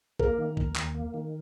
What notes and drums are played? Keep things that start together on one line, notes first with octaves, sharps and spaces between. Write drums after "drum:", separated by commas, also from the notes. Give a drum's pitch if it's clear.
A#3 A#4, drum: kick
D#3
D#2, drum: kick
D#2, drum: clap
A#3
D#3